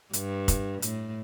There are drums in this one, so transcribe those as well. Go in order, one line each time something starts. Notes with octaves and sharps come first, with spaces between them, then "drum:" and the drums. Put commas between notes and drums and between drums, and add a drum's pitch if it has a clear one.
G2, drum: hi-hat
drum: kick, hi-hat
A2, drum: hi-hat